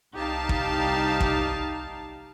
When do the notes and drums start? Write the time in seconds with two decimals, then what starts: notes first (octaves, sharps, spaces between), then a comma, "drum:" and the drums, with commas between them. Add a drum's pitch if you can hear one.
0.14 C2 D#4 G4 F5 A5
0.49 drum: kick
1.21 drum: kick